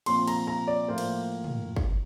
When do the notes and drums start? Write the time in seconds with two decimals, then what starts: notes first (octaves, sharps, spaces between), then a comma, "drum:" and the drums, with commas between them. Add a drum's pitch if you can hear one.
0.06 A#2 F3 C4 C6, drum: cymbal
0.27 A#5, drum: cymbal
0.47 A#5
0.67 D5
0.88 A2 F3 A#3 C5
0.98 drum: cymbal
1.44 drum: tom
1.76 drum: kick